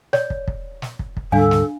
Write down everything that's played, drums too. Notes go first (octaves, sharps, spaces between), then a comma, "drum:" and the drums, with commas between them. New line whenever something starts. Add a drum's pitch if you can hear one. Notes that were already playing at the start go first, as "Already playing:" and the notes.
C#5 D5, drum: snare
drum: kick
drum: kick
drum: snare
drum: kick
drum: kick
D2 G#2 G3 D4 A4 F5 G#5
drum: snare